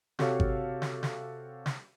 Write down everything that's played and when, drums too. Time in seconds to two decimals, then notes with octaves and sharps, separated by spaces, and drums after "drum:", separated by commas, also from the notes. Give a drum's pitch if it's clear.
0.19 C3 F#4 G4 A4 C#5 F5, drum: snare
0.40 drum: kick G#1
0.82 drum: snare
1.03 drum: snare
1.66 drum: snare